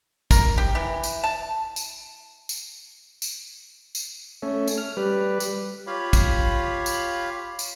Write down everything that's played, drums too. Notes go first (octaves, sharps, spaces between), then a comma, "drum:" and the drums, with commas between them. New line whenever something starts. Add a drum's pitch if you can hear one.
A#4, drum: kick, tambourine
G4
E3
drum: tambourine
A5
drum: tambourine
drum: tambourine
drum: tambourine
drum: tambourine
A3 C#4
drum: tambourine
F6
G3 B4
drum: tambourine
F4 G4 C#5 F5 B5
drum: kick, tambourine
drum: tambourine
drum: tambourine